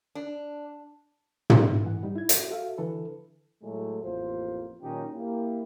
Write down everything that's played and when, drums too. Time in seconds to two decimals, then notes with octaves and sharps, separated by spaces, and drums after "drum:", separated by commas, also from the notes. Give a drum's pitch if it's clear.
0.15 D4
1.50 drum: tom
1.85 E3 F#5
2.03 G3 D#4
2.16 E4 G#6
2.29 F#4 E5, drum: hi-hat
2.51 F#4 A4 E5 F5
2.78 D3 E3 A4 B4
3.63 A2 F#3 G#3 A3
4.02 A1 F2 A#3 F4 C5
4.82 A#2 D#3 F#3 C#4 D#4 G4
5.13 A#3 E4 G4